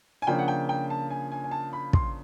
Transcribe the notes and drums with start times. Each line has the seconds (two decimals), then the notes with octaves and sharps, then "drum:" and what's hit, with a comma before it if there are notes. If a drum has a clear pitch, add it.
0.22 G#5
0.27 C#3 F3 A#3 D4 G5
0.38 F#5
0.48 G5
0.69 G5
0.90 A5
1.10 G#5
1.32 G#5
1.44 G#5
1.51 A5
1.73 B5
1.93 C6, drum: kick